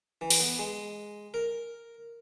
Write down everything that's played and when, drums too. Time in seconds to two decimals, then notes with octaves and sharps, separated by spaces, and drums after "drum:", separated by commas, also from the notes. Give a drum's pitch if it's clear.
0.21 E3
0.30 drum: open hi-hat
0.40 B3
0.59 G#3
1.34 A#4